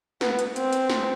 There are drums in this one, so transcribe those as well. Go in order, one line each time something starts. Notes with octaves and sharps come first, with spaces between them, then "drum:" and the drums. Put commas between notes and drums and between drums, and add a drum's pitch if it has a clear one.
B3, drum: snare
drum: hi-hat
C4, drum: hi-hat
drum: hi-hat
drum: snare